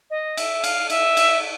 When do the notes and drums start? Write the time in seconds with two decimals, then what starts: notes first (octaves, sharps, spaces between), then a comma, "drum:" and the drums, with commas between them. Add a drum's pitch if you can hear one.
0.10 D#5
0.37 E5, drum: cymbal
0.64 F5, drum: cymbal
0.90 E5, drum: cymbal
1.17 drum: cymbal